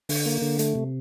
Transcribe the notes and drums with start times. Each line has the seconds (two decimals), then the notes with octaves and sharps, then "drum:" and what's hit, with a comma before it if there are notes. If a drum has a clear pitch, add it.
0.09 D3, drum: open hi-hat
0.26 A#3
0.42 D3
0.59 A3, drum: hi-hat
0.75 C3